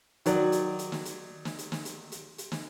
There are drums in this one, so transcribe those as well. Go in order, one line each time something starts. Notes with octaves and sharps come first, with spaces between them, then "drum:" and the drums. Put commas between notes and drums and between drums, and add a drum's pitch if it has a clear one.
D#3 F#3 D5, drum: hi-hat
drum: hi-hat
drum: hi-hat
drum: snare
drum: hi-hat
drum: snare
drum: hi-hat
drum: snare
drum: hi-hat
drum: hi-hat
drum: hi-hat
drum: snare